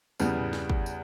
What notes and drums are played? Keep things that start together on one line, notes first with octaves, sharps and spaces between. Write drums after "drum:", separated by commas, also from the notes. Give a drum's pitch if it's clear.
E2 C#3 G3 B3, drum: tambourine
drum: tom
drum: snare
drum: kick
drum: tambourine